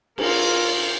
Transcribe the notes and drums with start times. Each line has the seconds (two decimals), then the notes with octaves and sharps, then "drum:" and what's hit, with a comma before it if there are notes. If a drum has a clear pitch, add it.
0.18 F4 A#4, drum: cymbal